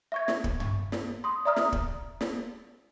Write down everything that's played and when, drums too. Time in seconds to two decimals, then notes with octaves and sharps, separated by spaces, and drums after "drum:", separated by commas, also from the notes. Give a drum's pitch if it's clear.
0.12 E5 C#6 G#6
0.28 drum: snare
0.44 drum: kick
0.60 drum: tom G2
0.92 drum: snare
1.24 C6 D#6
1.45 D5 E5 A#5 D#6 F6
1.56 drum: snare
1.72 drum: kick
2.21 drum: snare